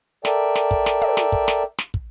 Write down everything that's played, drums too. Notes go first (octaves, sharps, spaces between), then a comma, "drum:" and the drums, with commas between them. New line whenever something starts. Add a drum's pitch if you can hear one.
A4 A#4 D5 E5 G5, drum: snare
drum: snare
drum: kick
drum: snare
drum: tom
drum: snare
drum: kick
drum: snare
drum: snare
drum: kick